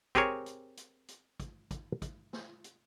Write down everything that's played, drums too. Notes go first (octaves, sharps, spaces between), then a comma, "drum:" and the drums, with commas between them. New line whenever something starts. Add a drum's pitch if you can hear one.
C4 G4 G#4 A#4 C#5, drum: kick, hi-hat
drum: hi-hat
drum: hi-hat
drum: hi-hat
drum: kick, hi-hat
drum: kick, hi-hat
drum: kick, hi-hat
drum: snare
drum: hi-hat